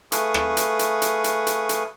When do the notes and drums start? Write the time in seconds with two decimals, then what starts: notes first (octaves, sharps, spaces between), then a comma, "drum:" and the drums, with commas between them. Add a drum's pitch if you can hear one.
0.12 A3 G#4 B4 F5 C#6 D#6, drum: hi-hat
0.34 drum: rim click
0.57 drum: hi-hat
0.79 drum: hi-hat
1.02 drum: hi-hat
1.24 drum: hi-hat
1.47 drum: hi-hat
1.69 drum: hi-hat